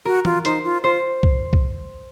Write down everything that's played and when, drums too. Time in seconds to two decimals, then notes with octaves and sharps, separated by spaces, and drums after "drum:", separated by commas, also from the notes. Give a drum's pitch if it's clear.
0.05 F#4 A#4
0.25 F4, drum: tom E3
0.45 D#4 C5, drum: hi-hat
0.64 F4
0.84 F4 C5
1.23 drum: kick
1.53 drum: kick